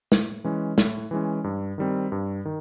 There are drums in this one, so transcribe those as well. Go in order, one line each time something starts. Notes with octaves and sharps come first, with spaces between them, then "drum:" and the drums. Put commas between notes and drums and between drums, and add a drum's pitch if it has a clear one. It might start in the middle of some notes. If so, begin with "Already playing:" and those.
A2, drum: snare
E3 G#3 C#4
A2, drum: snare
E3 G#3 C#4
G2
D#3 G3 C4
G2
D#3